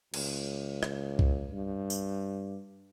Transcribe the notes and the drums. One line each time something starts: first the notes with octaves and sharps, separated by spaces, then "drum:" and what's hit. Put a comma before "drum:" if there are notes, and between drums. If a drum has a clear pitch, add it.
C#2, drum: cymbal
drum: rim click
drum: kick
G2
drum: tambourine